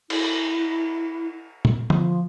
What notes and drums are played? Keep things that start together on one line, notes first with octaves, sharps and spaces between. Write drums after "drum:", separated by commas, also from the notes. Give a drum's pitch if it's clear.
E4, drum: cymbal
drum: tom A#2
F3, drum: tom